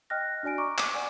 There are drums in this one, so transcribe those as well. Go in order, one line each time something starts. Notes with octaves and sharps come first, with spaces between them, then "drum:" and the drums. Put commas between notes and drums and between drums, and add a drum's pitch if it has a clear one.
D#5 G5 F6 F#6 A#6
D4 F#4 D5 G#5 D7
A#5 C#6 D6
D6, drum: clap
D5 F#5 G#5